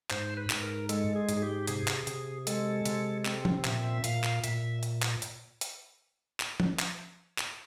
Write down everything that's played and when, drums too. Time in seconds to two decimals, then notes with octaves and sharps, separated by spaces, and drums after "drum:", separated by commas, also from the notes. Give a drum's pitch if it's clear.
0.10 G#2 C5, drum: clap
0.37 B4
0.50 G#2, drum: clap
0.63 A#4
0.89 G#3 A4, drum: hi-hat
1.16 G#4
1.29 G#2, drum: hi-hat
1.37 G#4
1.42 G4
1.67 C3 G#4, drum: hi-hat
1.88 drum: clap
2.07 C3, drum: hi-hat
2.47 G#3 A4, drum: hi-hat
2.86 C3, drum: hi-hat
3.25 C4 A4, drum: clap
3.45 drum: tom F3
3.65 A#2 E5, drum: clap
3.85 E5
4.04 A#2 F5, drum: hi-hat
4.24 drum: clap
4.44 A#2 E5, drum: hi-hat
4.83 drum: hi-hat
5.02 drum: clap
5.22 drum: hi-hat
5.61 drum: hi-hat
6.40 drum: clap
6.60 drum: tom F3
6.79 drum: clap
7.38 drum: clap